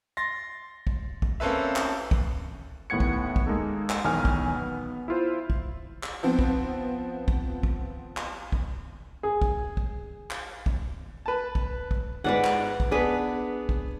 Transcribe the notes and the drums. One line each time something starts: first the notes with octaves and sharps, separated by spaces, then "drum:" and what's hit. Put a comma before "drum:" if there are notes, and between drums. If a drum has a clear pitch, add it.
C6 A6 A#6
drum: kick
drum: kick
A#3 C4 C#4 A4 B4 E5
drum: clap
drum: kick
D#2 A2 B3 F#5 G#6 C#7
drum: kick
drum: kick
G#3 A#3 D#4 A4
drum: clap
B1 E2 D#3 G#5 F6
drum: kick
B3
E4 F4 C5
drum: kick
drum: clap
F3 B3 C4
drum: kick
drum: kick
drum: kick
drum: clap
drum: kick
G#4
drum: kick
drum: kick
drum: clap
drum: kick
B4 A5
drum: kick
drum: kick
G#2 G#3 B4 D5 F#5
drum: clap
drum: kick
B3 D4 G#4 B4
drum: kick